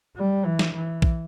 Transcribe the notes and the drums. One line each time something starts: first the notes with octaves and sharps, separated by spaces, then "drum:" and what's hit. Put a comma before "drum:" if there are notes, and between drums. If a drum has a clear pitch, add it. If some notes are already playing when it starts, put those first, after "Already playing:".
G3
E3
drum: snare
E3
drum: kick